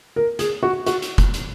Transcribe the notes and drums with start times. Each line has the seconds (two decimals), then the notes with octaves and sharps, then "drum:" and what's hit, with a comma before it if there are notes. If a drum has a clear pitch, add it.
0.16 A#4
0.39 G#4, drum: hi-hat
0.63 F#4
0.86 F#4, drum: hi-hat
1.02 drum: hi-hat
1.18 drum: kick, hi-hat
1.34 drum: hi-hat